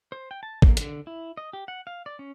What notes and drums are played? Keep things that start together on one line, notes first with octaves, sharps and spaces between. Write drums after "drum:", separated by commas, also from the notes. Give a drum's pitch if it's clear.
C5
G5
A5
A#3, drum: kick
D3, drum: hi-hat
E4
D#5
G4
F#5
F5
D5
C#4